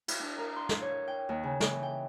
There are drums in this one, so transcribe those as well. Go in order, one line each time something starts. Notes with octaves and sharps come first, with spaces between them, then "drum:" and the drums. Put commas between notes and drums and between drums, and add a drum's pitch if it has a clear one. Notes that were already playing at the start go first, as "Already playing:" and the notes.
E4, drum: cymbal
D4
A#4
C6
drum: snare
C#5
G5
D#2
C#3
E3, drum: snare
G5